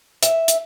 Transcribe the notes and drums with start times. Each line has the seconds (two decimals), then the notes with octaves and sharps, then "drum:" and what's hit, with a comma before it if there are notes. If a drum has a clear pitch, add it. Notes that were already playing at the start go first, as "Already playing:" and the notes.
0.23 E5, drum: hi-hat
0.48 drum: hi-hat